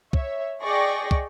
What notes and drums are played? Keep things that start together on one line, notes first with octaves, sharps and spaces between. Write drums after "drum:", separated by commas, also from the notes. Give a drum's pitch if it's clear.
C#5 E5, drum: kick
G#4 D5 D#5 G5 C#6 A#6
drum: kick